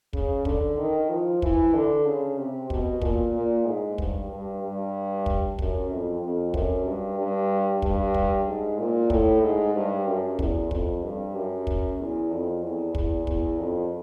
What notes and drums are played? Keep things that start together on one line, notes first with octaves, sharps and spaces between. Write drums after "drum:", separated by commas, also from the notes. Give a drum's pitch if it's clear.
C#3, drum: kick
D3, drum: kick
D#3
F3
E3, drum: kick
D3
C#3
C3
B2, drum: kick
A#2, drum: kick
A#2
G#2
G2, drum: kick
G2
G2
drum: kick
F#2, drum: kick
F2
F2
F#2, drum: kick
G2
G2
G2, drum: kick
drum: kick
G#2
A#2
A2, drum: kick
G#2
G2
F#2
E2, drum: kick
F2, drum: kick
G2
F#2
drum: kick
E2
F2
E2
E2, drum: kick
E2, drum: kick
F2